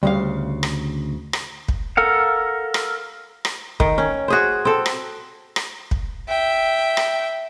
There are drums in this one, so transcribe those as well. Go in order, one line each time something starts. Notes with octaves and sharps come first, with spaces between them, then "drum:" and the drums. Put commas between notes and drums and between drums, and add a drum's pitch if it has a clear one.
D2 C#3 G3 F5
drum: rim click
drum: rim click
drum: kick
A4 A#4 F5 F#5
drum: rim click
drum: rim click
D#3, drum: kick
C#4
F#4 G#4 C5
C4 A4
drum: rim click
drum: rim click
drum: kick
E5 G5
drum: rim click